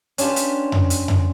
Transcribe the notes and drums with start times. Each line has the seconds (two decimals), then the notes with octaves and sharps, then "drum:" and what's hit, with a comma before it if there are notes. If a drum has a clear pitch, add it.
0.18 C#4 D4 F4 G4 B4, drum: hi-hat
0.36 drum: hi-hat
0.72 drum: tom F2
0.90 drum: hi-hat
1.08 drum: tom F2